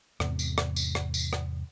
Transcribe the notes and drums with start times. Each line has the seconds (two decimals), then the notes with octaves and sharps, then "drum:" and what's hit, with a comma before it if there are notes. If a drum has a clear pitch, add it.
0.20 E2 G#2 C3, drum: rim click
0.39 drum: tambourine
0.58 drum: rim click
0.76 drum: tambourine
0.95 drum: rim click
1.14 drum: tambourine
1.33 drum: rim click